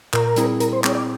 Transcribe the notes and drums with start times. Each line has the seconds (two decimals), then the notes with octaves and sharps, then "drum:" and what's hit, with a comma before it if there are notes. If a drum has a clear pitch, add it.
0.13 A#2 A#4, drum: clap
0.36 G3 C4 E4 G#4, drum: hi-hat
0.60 A#2 A#4, drum: hi-hat
0.73 C5
0.84 G3 C4 E4 G#4 C#5, drum: clap
0.95 D5